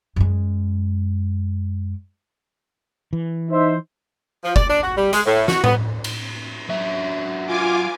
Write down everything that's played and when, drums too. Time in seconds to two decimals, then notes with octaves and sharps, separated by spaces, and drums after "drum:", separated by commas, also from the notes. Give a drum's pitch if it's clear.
0.16 F#2 G#3
3.13 E3
3.50 D#4 C5 E5
4.44 F3
4.56 D5, drum: kick
4.70 D4
4.83 F#4
4.97 G3
5.13 G#3, drum: hi-hat
5.26 A2
5.48 F#4, drum: snare
5.64 B3, drum: tom A2
6.04 drum: cymbal
6.69 F#3 E5
7.46 F4 G#5 D6